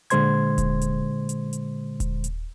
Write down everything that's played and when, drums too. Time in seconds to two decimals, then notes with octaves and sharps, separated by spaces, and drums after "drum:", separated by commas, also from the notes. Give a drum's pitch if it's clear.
0.10 A#2 D3 G#3 C5 C6 G#6, drum: hi-hat
0.58 drum: kick D#1, hi-hat
0.81 drum: hi-hat
1.29 drum: hi-hat
1.53 drum: hi-hat
2.00 drum: kick D#1, hi-hat
2.24 drum: hi-hat